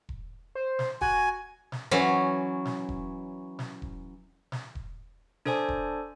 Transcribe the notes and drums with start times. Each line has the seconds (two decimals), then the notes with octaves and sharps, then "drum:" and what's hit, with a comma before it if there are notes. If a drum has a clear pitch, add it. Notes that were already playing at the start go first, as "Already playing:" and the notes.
0.09 drum: kick E1
0.55 C5
0.79 drum: snare
1.01 F#4 G#5, drum: kick E1
1.72 drum: snare
1.91 E3 F#3 C#4
2.65 drum: snare
2.89 drum: kick E1
3.59 drum: snare
3.82 drum: kick E1
4.52 drum: snare
4.75 drum: kick E1
5.45 D4 A4 C5 D5 G#5, drum: snare
5.69 drum: kick E1